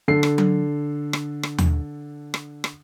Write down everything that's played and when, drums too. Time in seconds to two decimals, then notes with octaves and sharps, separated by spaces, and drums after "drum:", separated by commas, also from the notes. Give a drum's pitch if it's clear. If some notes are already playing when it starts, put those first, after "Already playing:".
0.08 D3 A4 C7
0.23 drum: rim click
0.38 drum: tom F#3
1.13 drum: rim click
1.43 drum: rim click
1.58 drum: tom D#2
2.34 drum: rim click
2.64 drum: rim click